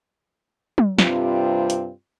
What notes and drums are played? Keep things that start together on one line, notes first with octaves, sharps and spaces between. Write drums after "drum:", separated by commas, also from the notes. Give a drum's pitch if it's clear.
drum: tom
G2 C3 G3 C4 D4 F4, drum: snare
drum: hi-hat